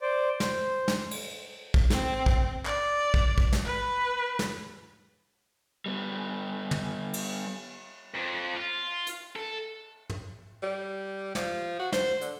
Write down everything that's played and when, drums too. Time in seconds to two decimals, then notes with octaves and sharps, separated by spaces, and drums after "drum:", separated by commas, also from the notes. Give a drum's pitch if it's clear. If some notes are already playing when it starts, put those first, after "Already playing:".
0.01 C5 D5
0.40 C5, drum: snare
0.88 drum: snare
1.11 drum: cymbal
1.74 drum: kick
1.90 C4, drum: snare
2.26 drum: kick
2.65 D5, drum: clap
3.14 drum: kick
3.38 drum: kick
3.53 drum: snare
3.64 B4
4.39 drum: snare
5.86 G3 B3
6.71 drum: tom
7.14 drum: cymbal
8.14 F2
8.56 F4
9.07 drum: hi-hat
9.36 A4
10.10 drum: tom
10.63 G3
11.35 F3, drum: snare
11.79 F#4
11.92 C5, drum: snare
12.21 D3, drum: hi-hat